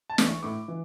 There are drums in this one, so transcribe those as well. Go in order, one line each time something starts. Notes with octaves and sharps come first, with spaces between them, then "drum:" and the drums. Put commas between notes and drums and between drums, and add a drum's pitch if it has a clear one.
A5
E3 A3 D4, drum: snare
C#6
A2 D6
E3